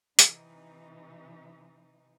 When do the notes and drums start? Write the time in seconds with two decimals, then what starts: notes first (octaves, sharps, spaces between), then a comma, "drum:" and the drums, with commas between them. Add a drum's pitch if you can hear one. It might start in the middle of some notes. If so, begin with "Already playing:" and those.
0.19 C3 E3 D#4, drum: hi-hat